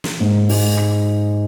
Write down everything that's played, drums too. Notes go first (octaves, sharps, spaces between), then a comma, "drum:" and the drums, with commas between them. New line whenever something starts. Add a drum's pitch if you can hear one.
drum: snare
G#2
G#3 D#4, drum: open hi-hat
drum: rim click